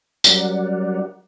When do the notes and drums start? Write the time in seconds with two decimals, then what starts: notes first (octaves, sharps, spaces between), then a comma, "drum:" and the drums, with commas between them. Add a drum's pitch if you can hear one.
0.24 F#3 G3 C#4 A#4 D5 F#5, drum: tambourine